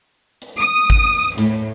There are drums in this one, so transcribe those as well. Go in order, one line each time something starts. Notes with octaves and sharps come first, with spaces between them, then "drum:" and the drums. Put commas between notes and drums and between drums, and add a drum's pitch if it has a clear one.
drum: hi-hat
D#6
drum: kick G#1, hi-hat
drum: open hi-hat
A2, drum: hi-hat